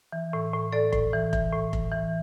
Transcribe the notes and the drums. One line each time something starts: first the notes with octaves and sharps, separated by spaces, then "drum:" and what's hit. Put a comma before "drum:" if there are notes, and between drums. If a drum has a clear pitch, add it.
E3
A2
A2
A2 A4 D5
A2, drum: kick F1
E3
E3, drum: kick F1
A2
A2, drum: kick F1
E3